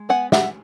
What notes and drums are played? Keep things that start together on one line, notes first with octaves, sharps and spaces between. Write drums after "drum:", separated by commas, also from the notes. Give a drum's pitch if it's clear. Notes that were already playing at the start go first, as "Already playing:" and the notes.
Already playing: G#3
B3 F#5 G#5
E5 F#5, drum: snare